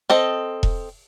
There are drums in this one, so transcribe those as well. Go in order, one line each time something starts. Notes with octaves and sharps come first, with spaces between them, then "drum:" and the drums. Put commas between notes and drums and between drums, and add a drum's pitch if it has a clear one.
C4 A4 D#5
drum: kick E1